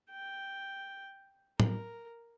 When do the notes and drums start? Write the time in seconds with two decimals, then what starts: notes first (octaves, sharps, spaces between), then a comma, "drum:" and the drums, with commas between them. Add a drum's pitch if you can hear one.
0.10 G5
1.60 A#4, drum: tom